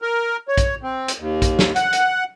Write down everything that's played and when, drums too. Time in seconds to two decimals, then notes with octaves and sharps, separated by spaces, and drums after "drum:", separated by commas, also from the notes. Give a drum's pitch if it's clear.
0.02 A#4
0.48 C#5
0.57 drum: kick A#1, hi-hat
0.83 C4
1.08 drum: hi-hat
1.19 D#2
1.42 drum: kick A#1, hi-hat
1.59 drum: snare
1.76 F#5, drum: hi-hat
1.93 drum: hi-hat